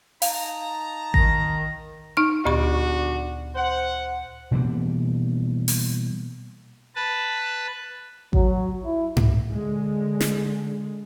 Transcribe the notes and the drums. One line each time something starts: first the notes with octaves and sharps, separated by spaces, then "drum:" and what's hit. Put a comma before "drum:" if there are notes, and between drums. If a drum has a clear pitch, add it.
D#4 F5 A5 A#5, drum: open hi-hat
D#3 A#6, drum: kick A1
D#4 F6
D2 A#2 D3 D4 F#4 C#6
C5 F#5
B2 E3 G3 A#3
drum: open hi-hat
B4 A5
F#3, drum: kick A1
E4
drum: tom G#2
D3 G#3
drum: snare